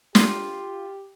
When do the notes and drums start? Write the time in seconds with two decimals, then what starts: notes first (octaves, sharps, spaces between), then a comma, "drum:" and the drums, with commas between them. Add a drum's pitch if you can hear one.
0.15 F4 G4, drum: snare